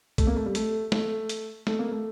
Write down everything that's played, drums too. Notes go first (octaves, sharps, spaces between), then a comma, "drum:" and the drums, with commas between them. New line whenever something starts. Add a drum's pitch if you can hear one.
A3, drum: kick A#1, hi-hat
A#3
A3
G3
A3, drum: hi-hat
A3, drum: snare
drum: hi-hat
A3, drum: snare
A#3
A3